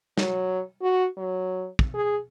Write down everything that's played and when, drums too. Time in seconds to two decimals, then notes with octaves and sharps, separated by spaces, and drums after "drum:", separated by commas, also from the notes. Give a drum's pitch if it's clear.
0.17 F#3, drum: snare
0.81 F#4
1.17 F#3
1.79 drum: kick
1.95 G#4